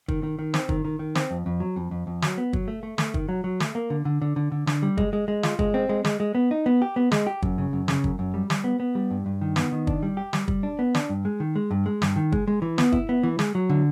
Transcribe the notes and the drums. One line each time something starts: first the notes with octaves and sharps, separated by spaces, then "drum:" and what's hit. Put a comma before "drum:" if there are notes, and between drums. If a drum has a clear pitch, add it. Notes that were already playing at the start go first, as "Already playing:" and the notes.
D#3, drum: kick
D#3
D#3
C4, drum: snare
D#3, drum: kick
D#3
D#3
C4, drum: snare
F2
F2
F#3
F2
F2
F2
F#3, drum: snare
B3
F#3, drum: kick
A3
A3
A3, drum: snare
D#3, drum: kick
F#3
F#3
A3, drum: snare
A#3
D3
D3
D3
D3
D3
D3, drum: snare
G3
G#3, drum: kick
G#3
G#3
F4, drum: snare
G#3, drum: kick
C4
G#3
G#3, drum: snare
G#3
B3
D#4
B3
G4
B3
G#3, drum: snare
G4
F#2, drum: kick
C#3
F#2
C#3, drum: snare
F#2, drum: kick
F#2
G3
G3, drum: snare
B3
B3
G3
G2
G2
D#3
B3, drum: snare
D#3
D4, drum: kick
G3
G4
G3, drum: snare
G3, drum: kick
D4
B3
D4, drum: snare
G2
G#3
D#3
G#3
G2
G#3
G2, drum: snare
D#3
G#3, drum: kick
G#3
E3
B3, drum: snare
E4, drum: kick
B3
E3
G#3, drum: snare
F#3
D3